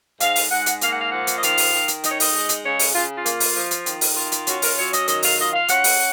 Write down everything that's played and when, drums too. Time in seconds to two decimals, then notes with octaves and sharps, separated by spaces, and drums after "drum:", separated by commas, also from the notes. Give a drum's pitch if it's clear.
0.20 G#2 F5, drum: hi-hat
0.36 drum: open hi-hat
0.51 G#2 F#5
0.66 drum: hi-hat
0.81 A#3 F5, drum: hi-hat
0.90 F#5
1.00 F5
1.12 F3 F#5
1.27 drum: hi-hat
1.36 D#5
1.43 D#3 F5, drum: hi-hat
1.57 drum: open hi-hat
1.73 D#3
1.88 drum: hi-hat
2.04 D#4 D#5, drum: hi-hat
2.11 C#5
2.20 D#5, drum: open hi-hat
2.34 G#3
2.49 drum: hi-hat
2.64 C#3 C#5
2.79 drum: open hi-hat
2.94 C#3 F4
3.16 F4
3.26 A#3, drum: hi-hat
3.40 drum: open hi-hat
3.55 F3
3.71 drum: hi-hat
3.86 D#3, drum: hi-hat
4.01 drum: open hi-hat
4.17 F4
4.32 drum: hi-hat
4.47 C#4 F#4, drum: hi-hat
4.62 A#4, drum: open hi-hat
4.77 F#3 C#5
4.93 D#5, drum: hi-hat
5.08 D#3 D#5, drum: hi-hat
5.23 F5, drum: open hi-hat
5.38 F4 D#5
5.54 F5
5.68 C#4 F#5, drum: hi-hat
5.84 drum: open hi-hat